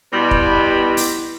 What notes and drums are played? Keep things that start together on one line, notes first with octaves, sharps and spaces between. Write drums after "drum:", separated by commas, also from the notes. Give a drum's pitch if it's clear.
B2 G3 E4 C6 D6
drum: kick
drum: open hi-hat